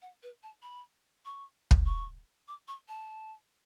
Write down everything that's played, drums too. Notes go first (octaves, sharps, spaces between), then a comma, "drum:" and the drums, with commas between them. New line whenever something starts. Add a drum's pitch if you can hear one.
F#5
B4
A5
B5
C#6
drum: kick
C#6
D6
C#6
A5